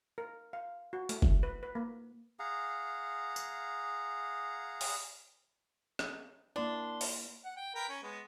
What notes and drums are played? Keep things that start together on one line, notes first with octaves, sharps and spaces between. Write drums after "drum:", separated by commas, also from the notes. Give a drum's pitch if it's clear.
A#4
F5
F#4
A3, drum: hi-hat
drum: kick
B4
B4
A#3
G#4 F5 F#5 A#5
drum: tambourine
drum: open hi-hat
drum: rim click
A#3 D4 E4 C6
drum: open hi-hat
F#5
G5
A#4 B4 G5
C#4
G#3 B3